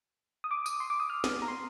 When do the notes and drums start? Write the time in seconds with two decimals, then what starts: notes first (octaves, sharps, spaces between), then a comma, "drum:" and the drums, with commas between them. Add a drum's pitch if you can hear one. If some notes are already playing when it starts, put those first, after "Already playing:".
0.44 D#6
0.51 D6
0.66 D#6, drum: tambourine
0.80 C6
0.90 D6
1.00 D#6
1.10 F6
1.24 D#6, drum: snare
1.42 A#5
1.48 C6